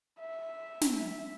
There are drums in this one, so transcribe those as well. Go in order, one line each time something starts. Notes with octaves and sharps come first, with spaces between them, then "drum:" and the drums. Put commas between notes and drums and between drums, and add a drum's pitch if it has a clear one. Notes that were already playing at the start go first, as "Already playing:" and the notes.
E5
drum: snare